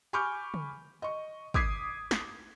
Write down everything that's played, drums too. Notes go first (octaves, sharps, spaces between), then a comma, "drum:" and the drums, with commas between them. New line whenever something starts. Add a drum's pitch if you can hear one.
G#5 B5 C#6 D6 F6 G6
drum: tom C#3
D#5 C#6
D6 D#6 G#6 B6 C7, drum: kick
drum: snare